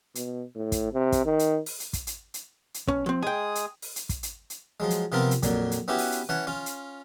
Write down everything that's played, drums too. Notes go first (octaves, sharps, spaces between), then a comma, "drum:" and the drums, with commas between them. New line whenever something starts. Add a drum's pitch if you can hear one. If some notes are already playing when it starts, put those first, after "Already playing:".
B2, drum: hi-hat
A2
drum: kick, hi-hat
C3
drum: kick, hi-hat
D#3
drum: hi-hat
drum: open hi-hat
drum: hi-hat
drum: kick, hi-hat
drum: hi-hat
drum: hi-hat
drum: hi-hat
B1 C#4, drum: kick
F3 C4
G#3 G#4 G5 G#5 D#6
drum: hi-hat
drum: open hi-hat
drum: hi-hat
drum: kick, hi-hat
drum: hi-hat
drum: hi-hat
F3 F#3 G#3
drum: hi-hat
C3 F3 B3 C4 F4 A#4
drum: hi-hat
F2 A#2 F#3, drum: kick, hi-hat
drum: hi-hat
B3 C#4 E4 F#4 G4 B4
drum: open hi-hat
drum: hi-hat
E3 C#4 F#5 G#5 A5
C#4 F4
drum: hi-hat